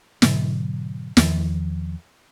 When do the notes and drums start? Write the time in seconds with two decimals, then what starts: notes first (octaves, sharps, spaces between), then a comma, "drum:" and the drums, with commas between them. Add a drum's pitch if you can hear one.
0.22 G#2 B2 D3 F#3, drum: snare
1.17 E2 D#3 F3, drum: snare